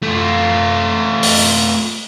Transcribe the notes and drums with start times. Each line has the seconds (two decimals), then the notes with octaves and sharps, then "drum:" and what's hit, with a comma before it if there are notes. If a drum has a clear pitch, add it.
0.03 A3 F4
1.23 drum: open hi-hat